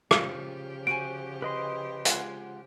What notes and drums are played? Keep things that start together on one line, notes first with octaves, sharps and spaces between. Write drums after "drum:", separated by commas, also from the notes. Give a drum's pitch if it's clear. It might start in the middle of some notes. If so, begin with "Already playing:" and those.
C#3 F3 F4 G4, drum: rim click
F#4 C5 G#5 D7
B4 D#5 C6
G#3 F4 F#5, drum: hi-hat